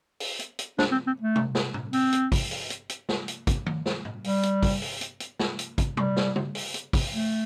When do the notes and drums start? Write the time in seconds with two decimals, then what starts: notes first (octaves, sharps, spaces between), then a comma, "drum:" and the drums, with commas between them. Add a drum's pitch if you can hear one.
0.20 drum: open hi-hat
0.39 drum: hi-hat
0.59 drum: hi-hat
0.78 D4, drum: snare
0.92 C4
1.07 C4
1.22 A3
1.36 drum: tom B2
1.55 drum: snare
1.74 drum: tom A2
1.93 C4, drum: open hi-hat
2.13 drum: hi-hat
2.32 drum: kick, open hi-hat
2.51 drum: open hi-hat
2.70 drum: hi-hat
2.89 drum: hi-hat
3.09 drum: snare
3.28 drum: hi-hat
3.47 drum: kick, hi-hat
3.66 drum: tom D#3
3.86 drum: snare
4.05 drum: tom A2
4.24 G3, drum: open hi-hat
4.43 drum: hi-hat
4.63 drum: kick, open hi-hat
4.82 drum: open hi-hat
5.01 drum: hi-hat
5.20 drum: hi-hat
5.39 drum: snare
5.59 drum: hi-hat
5.78 drum: kick, hi-hat
5.97 G3, drum: tom B2
6.16 drum: snare
6.36 drum: tom
6.55 drum: open hi-hat
6.74 drum: hi-hat
6.93 drum: kick, open hi-hat
7.13 A3